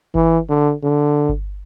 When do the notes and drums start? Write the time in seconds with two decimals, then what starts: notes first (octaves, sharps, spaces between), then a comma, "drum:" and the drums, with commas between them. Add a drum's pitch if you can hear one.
0.15 E3, drum: kick G1
0.49 D3
0.83 D3
1.29 drum: kick G1